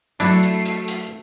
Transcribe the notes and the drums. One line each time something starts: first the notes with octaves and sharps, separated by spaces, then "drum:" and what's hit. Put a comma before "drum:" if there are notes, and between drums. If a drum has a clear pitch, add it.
F#3 A3 D4 E4 F#4 C7, drum: hi-hat
drum: hi-hat
drum: hi-hat
drum: hi-hat